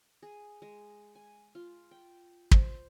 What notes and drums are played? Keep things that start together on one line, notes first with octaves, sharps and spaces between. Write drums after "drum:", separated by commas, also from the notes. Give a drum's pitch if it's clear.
G#4
G#3
G#5
F4
G5
C5, drum: kick